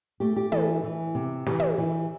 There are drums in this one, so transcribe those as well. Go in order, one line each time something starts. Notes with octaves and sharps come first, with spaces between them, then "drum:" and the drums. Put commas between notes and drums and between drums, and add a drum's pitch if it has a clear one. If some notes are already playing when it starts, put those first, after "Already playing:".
A3 G4
G4
E3 A4, drum: tom
E3
C3
E3 G4, drum: snare
drum: tom
E3